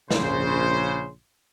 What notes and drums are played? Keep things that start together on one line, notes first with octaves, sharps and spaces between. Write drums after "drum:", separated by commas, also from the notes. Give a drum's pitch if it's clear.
A#1 C#3 C5, drum: snare